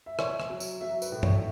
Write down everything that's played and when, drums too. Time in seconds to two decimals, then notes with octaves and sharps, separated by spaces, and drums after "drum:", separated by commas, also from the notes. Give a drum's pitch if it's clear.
0.06 E5
0.19 E4 C#5, drum: rim click
0.40 drum: rim click
0.50 F#3
0.60 drum: tambourine
0.81 F#3 E5
1.02 B4, drum: tambourine
1.12 A2
1.23 C#5, drum: tom
1.34 E5